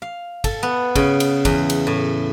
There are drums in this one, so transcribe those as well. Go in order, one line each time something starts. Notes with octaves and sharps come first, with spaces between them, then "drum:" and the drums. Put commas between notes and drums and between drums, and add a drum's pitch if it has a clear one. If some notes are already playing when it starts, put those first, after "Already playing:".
F5
A4, drum: kick, cymbal
B3
C#3, drum: kick, cymbal
drum: cymbal
E2, drum: kick, cymbal
drum: cymbal
A2